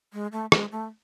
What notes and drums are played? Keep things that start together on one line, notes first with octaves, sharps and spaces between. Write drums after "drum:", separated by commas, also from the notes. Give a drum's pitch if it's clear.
G#3
A3
G#3, drum: rim click
A3